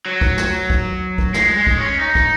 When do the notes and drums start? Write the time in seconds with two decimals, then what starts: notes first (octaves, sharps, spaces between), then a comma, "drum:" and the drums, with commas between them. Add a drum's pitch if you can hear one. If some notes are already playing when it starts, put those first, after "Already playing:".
0.06 F#3
0.21 drum: kick
0.38 drum: snare
0.70 drum: kick
1.18 drum: kick
1.34 G#3, drum: snare
1.57 G#3
1.67 drum: kick
1.77 C#4
1.99 D#4
2.15 drum: kick